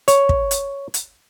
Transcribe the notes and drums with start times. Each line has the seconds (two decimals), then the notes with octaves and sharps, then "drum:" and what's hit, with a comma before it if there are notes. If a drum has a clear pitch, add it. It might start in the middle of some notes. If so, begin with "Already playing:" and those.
0.08 C#5, drum: hi-hat
0.29 drum: kick
0.51 drum: hi-hat
0.94 drum: hi-hat